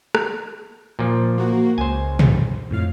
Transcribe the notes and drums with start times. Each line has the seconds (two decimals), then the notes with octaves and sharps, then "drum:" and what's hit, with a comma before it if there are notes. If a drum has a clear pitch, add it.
0.15 drum: rim click
0.99 A#2 F3
1.38 A#3 F#4
1.78 C#2 C5 G#5
2.19 drum: tom
2.70 F2 A2 F5